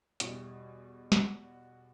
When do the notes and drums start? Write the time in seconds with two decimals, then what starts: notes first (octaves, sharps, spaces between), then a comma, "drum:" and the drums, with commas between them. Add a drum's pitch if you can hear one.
0.20 E2 B2 G3 E4, drum: hi-hat
1.12 F#4, drum: snare